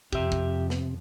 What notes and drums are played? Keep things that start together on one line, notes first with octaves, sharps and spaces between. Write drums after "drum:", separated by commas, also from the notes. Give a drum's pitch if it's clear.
F2 C3 G4 E5, drum: kick
drum: kick
drum: snare